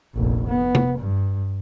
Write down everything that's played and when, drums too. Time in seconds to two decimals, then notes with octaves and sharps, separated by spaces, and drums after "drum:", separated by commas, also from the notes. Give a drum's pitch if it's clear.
0.15 F1 A#1
0.48 B3
0.75 drum: tom C3
0.99 G2